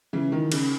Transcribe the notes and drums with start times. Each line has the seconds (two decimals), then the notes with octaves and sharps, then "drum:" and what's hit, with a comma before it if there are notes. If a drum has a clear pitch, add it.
0.13 C#3 E3
0.32 D#3
0.52 C#3, drum: cymbal